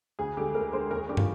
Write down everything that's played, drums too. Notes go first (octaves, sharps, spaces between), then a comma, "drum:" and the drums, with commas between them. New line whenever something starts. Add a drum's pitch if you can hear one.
D2 G#4
D3 G#3 G4
D2 A#4
D3 G#3 C5
D#2 A#4
G#4
D3 G3 D4 G4
F4, drum: tom